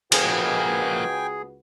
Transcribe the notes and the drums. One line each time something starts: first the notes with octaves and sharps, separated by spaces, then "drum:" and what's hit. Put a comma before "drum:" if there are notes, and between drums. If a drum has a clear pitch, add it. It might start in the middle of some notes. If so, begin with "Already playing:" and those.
C#2 F3 A#3 F#4 G#4 B4 G5 G#5, drum: cymbal